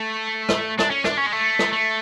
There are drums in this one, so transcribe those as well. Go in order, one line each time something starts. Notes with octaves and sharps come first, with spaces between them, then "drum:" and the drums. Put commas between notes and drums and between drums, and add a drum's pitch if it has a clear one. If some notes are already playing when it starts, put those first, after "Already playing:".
Already playing: A3
drum: rim click
D4, drum: rim click
C#4
D4, drum: rim click
C#4
G#3
A3
drum: rim click
A3